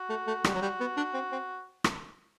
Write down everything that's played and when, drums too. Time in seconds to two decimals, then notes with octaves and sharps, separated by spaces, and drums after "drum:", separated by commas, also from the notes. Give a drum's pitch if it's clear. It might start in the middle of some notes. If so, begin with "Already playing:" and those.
Already playing: F#4
0.09 A3
0.27 A3
0.44 G3, drum: rim click
0.54 F#3
0.62 G3
0.80 B3
0.97 D4
1.14 C4
1.32 C4
1.84 drum: rim click